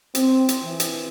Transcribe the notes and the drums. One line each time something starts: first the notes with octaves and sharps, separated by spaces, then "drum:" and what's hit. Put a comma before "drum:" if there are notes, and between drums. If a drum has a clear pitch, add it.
C4, drum: hi-hat
drum: hi-hat
E3
drum: hi-hat